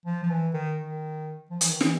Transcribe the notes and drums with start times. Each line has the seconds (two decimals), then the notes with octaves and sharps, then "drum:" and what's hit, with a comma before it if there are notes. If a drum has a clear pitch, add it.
0.06 F3
0.23 F3
0.30 E3
0.54 D#3
0.78 D#3
1.51 F3
1.61 E3, drum: hi-hat
1.71 D#3
1.81 E3, drum: snare